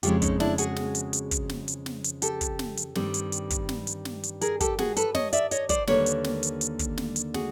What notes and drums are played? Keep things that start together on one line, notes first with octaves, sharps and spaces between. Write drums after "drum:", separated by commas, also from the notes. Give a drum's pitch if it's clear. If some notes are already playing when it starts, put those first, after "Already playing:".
F2 C#3 E3 G#3 F4 G4, drum: hi-hat
C#4 D#4, drum: kick, hi-hat
D4 E4, drum: snare
F#4 G#4, drum: hi-hat
drum: snare
drum: hi-hat
drum: hi-hat
drum: kick, hi-hat
drum: snare
drum: hi-hat
drum: snare
drum: hi-hat
G4 A4, drum: hi-hat
drum: kick, hi-hat
drum: snare
drum: hi-hat
G2 D#3 G3 C4, drum: snare
drum: hi-hat
drum: hi-hat
drum: kick, hi-hat
drum: snare
drum: hi-hat
drum: snare
drum: hi-hat
G#4 A#4, drum: hi-hat
G4 A4, drum: kick, hi-hat
F#4 G#4, drum: snare
A4 B4, drum: hi-hat
C#5 D#5, drum: snare
D5 E5, drum: hi-hat
C#5 D#5, drum: hi-hat
C5 D5, drum: kick, hi-hat
D#2 D3 G3 A#3 B4 C#5, drum: snare
drum: hi-hat
drum: snare
drum: hi-hat
drum: hi-hat
drum: kick, hi-hat
drum: snare
drum: hi-hat
F#4 G#4, drum: snare